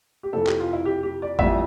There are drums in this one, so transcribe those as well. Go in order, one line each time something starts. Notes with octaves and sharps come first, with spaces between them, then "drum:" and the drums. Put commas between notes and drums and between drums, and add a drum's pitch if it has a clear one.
G4
F2 C3 E3 A4
G4, drum: clap
F4
E4
G4
G4
D5
F2 E3 G3 E5, drum: kick